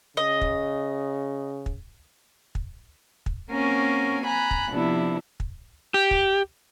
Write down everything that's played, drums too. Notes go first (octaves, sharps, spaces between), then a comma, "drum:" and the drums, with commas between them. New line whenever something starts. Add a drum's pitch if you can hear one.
C#3 D#5
drum: kick
drum: kick
drum: kick
drum: kick
A#3 C4 C#4 F#4 A#4 G#5
G#5 A#5 B5 F#6
drum: kick
C3 F3 B3 D4 E4
drum: kick
G4
drum: kick